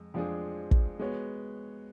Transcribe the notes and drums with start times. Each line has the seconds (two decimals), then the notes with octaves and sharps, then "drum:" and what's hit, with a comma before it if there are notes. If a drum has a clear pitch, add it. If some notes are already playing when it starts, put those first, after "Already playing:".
Already playing: F2 G#3
0.14 F2 F3 G#3 D4 G#4
0.71 drum: kick
0.99 G#3 B3 F#4 C#5